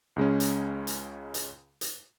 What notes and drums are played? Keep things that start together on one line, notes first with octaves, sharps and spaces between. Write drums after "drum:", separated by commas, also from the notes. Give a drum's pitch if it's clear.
C#2 C#3 G#3 C#4
drum: hi-hat
drum: hi-hat
drum: hi-hat
drum: hi-hat